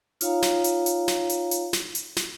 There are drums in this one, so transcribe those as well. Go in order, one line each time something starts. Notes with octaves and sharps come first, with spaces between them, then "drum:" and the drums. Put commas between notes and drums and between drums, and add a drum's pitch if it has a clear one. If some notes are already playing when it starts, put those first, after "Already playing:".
D#4 F4 C#5 F5 G5 A#5, drum: hi-hat
drum: snare
drum: hi-hat
drum: hi-hat
drum: snare
drum: hi-hat
drum: hi-hat
drum: snare
drum: hi-hat
drum: snare